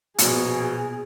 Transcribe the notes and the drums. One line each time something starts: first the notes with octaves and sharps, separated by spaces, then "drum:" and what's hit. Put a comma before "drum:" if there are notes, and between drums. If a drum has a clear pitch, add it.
A#1 B2 G#4, drum: hi-hat